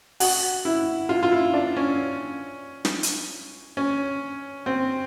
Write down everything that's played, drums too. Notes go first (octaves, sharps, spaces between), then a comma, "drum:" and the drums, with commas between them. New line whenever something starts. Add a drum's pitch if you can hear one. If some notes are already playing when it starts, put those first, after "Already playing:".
F#4, drum: open hi-hat
E4
F4
F4
E4
D4
C#4
drum: snare
drum: hi-hat
C#4
C4